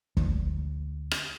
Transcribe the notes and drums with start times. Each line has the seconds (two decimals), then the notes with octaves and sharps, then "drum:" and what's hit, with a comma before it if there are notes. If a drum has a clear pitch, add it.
0.17 D2, drum: kick
1.11 drum: rim click